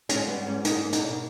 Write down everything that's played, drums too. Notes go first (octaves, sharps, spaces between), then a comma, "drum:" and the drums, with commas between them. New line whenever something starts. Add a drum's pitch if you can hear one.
G#2 C#4, drum: hi-hat
G3 B3
G#2 C#4
A#3 D#4, drum: hi-hat
A#3
D#4, drum: hi-hat
B2